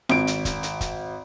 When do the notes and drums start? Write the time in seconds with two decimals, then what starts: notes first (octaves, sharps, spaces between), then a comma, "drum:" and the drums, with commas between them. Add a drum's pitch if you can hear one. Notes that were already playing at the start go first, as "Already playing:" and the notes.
0.09 G#1 D7, drum: snare
0.27 drum: hi-hat
0.45 drum: kick, hi-hat
0.63 drum: hi-hat
0.81 drum: kick, hi-hat